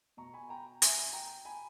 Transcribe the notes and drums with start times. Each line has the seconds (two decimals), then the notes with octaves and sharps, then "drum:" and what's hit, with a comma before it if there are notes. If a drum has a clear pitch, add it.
0.17 B2 A#5 C#6
0.34 G#5 B5
0.49 G5 A#5
0.82 E5 G#5, drum: hi-hat
1.13 G5 A#5
1.45 G#5 B5